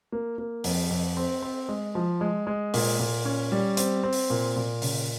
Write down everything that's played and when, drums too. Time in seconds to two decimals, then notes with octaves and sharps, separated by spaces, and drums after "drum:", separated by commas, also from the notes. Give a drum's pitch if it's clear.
0.12 A#3
0.38 A#3
0.64 F2, drum: open hi-hat
0.90 F2
1.17 C4
1.42 C4
1.69 G#3
1.95 F3
2.21 G#3
2.47 G#3
2.74 A#2, drum: open hi-hat
2.99 A#2
3.25 C#4
3.52 G3
3.77 C4, drum: hi-hat
4.03 C4
4.13 drum: open hi-hat
4.30 A#2
4.56 A#2
4.82 C#3, drum: open hi-hat